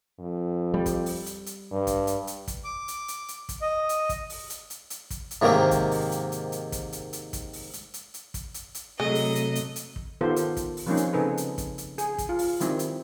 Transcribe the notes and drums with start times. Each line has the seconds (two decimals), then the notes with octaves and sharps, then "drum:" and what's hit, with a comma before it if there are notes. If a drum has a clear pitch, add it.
0.20 F2
0.74 G3
0.86 drum: kick, hi-hat
1.06 drum: open hi-hat
1.26 drum: hi-hat
1.46 drum: hi-hat
1.72 G2
1.87 drum: kick, hi-hat
2.07 drum: hi-hat
2.27 drum: hi-hat
2.48 drum: kick, hi-hat
2.64 D6
2.88 drum: hi-hat
3.08 drum: hi-hat
3.28 drum: hi-hat
3.49 drum: kick, hi-hat
3.62 D#5
3.89 drum: hi-hat
4.09 drum: kick, hi-hat
4.30 drum: open hi-hat
4.50 drum: hi-hat
4.70 drum: hi-hat
4.90 drum: hi-hat
5.10 drum: kick, hi-hat
5.31 drum: hi-hat
5.42 G#2 C3 D#3 A#3 C4
5.71 drum: kick, hi-hat
5.91 drum: open hi-hat
6.12 drum: hi-hat
6.32 drum: hi-hat
6.52 drum: hi-hat
6.72 drum: kick, hi-hat
6.93 drum: hi-hat
7.13 drum: hi-hat
7.33 drum: kick, hi-hat
7.53 drum: open hi-hat
7.73 drum: hi-hat
7.94 drum: hi-hat
8.14 drum: hi-hat
8.34 drum: kick, hi-hat
8.54 drum: hi-hat
8.75 drum: hi-hat
9.00 C3 F#3 G#3 A3 A4 D#5
9.15 drum: open hi-hat
9.35 drum: hi-hat
9.55 drum: hi-hat
9.76 drum: hi-hat
9.96 drum: kick
10.21 D#3 B3 F4 G4 A4 C5
10.36 drum: hi-hat
10.57 drum: kick, hi-hat
10.77 drum: open hi-hat
10.86 F3 G3 A#3 C4 C#4 D#4
10.97 drum: hi-hat
11.13 C#3 C4 D#4 G#4 A4 B4
11.37 drum: hi-hat
11.58 drum: kick, hi-hat
11.78 drum: hi-hat
11.98 G#4, drum: hi-hat
12.18 drum: kick, hi-hat
12.29 F4
12.39 drum: open hi-hat
12.60 D#3 G3 C4 E4, drum: hi-hat
12.79 drum: hi-hat